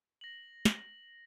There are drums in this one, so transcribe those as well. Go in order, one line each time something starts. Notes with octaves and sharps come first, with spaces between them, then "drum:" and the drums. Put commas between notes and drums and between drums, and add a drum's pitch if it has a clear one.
A#6 F#7
drum: snare